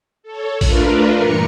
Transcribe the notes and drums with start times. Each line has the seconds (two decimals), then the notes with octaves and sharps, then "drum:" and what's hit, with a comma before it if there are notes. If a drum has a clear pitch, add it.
0.23 A4 C#5
0.61 A3 D4 F4 A#4 B4, drum: kick A1, open hi-hat
1.16 G2 A#2 E3 A#4 A#5 C#7